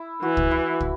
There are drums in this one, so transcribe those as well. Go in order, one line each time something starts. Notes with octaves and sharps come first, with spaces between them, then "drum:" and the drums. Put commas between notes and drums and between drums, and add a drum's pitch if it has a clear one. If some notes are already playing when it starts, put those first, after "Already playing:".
Already playing: E4
E3 F#4
drum: kick
E4
drum: kick